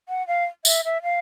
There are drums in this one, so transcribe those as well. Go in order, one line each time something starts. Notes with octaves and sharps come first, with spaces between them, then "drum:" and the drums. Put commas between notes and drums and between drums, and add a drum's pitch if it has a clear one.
F#5
F5
E5, drum: tambourine
E5
F5